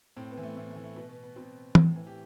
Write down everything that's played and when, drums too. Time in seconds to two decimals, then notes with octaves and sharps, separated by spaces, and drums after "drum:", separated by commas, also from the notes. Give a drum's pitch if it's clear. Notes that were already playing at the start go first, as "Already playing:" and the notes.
0.17 A2 C4
0.31 B3
0.37 E3
0.43 A3
0.56 A2 A3
0.70 A3
0.76 E3
0.84 A3
0.96 B2 B3
1.09 B3
1.23 B3
1.36 B2 C4
1.75 A2, drum: tom E3
1.96 E3
2.07 G4